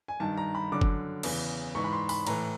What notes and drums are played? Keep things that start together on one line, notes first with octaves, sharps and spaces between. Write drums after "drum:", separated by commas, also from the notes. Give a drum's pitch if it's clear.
G#5
G2 D#3 A5
A#5
B5
F#2 D3 D6
drum: kick
E2 C#3 E3, drum: cymbal
G#2 E3 C#6
B5
C6
B5, drum: open hi-hat
A2 E3 A#5, drum: cymbal